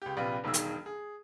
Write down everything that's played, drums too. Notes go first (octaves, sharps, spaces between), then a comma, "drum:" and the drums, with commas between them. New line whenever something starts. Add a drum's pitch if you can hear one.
C#2 G4
A#1 C3 F4 B4 B5
E1 B1 D#3 G#4 E6
drum: hi-hat
G#4